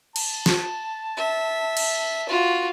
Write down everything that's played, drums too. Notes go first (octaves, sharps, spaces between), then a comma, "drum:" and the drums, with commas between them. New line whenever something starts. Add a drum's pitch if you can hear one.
A5, drum: cymbal
drum: snare
E5
drum: cymbal
F4 F#4